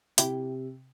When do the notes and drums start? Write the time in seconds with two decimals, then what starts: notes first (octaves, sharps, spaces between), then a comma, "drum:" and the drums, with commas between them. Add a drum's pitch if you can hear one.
0.18 C3 E4 G4, drum: hi-hat